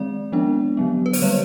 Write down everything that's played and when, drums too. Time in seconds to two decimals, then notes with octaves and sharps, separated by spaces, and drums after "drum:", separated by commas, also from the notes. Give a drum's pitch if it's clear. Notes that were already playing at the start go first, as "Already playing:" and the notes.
Already playing: D#3 G#3 C4 D5
0.32 F3 G#3 B3 D4
0.77 D3 F#3 B3
1.06 B4
1.13 C5, drum: open hi-hat
1.22 D3 G3 A#3 C#5